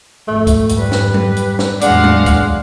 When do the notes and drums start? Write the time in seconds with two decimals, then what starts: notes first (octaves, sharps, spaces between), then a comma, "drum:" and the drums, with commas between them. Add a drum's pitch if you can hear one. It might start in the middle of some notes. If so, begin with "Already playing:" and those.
0.28 G#1 F2 A3
0.47 drum: kick, hi-hat
0.69 drum: hi-hat
0.79 G3 B4
0.92 drum: snare
1.14 drum: tom F#3
1.37 drum: hi-hat
1.59 drum: snare
1.81 E2 A2 F#3 G#3 D4 F5 F#5, drum: hi-hat
2.04 drum: tom F#3
2.26 drum: kick, hi-hat